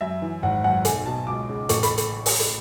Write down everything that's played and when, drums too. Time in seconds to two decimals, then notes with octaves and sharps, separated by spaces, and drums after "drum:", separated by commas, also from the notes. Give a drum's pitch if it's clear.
0.01 F#2 E5
0.22 E3
0.43 G#1 F#5
0.64 F#2 F#5
0.85 B1 G#5, drum: hi-hat
1.06 B2 A5
1.27 C#2 D6
1.49 C#3
1.69 A1 C#6, drum: hi-hat
1.83 B5, drum: hi-hat
1.98 drum: hi-hat
2.26 drum: open hi-hat
2.40 drum: hi-hat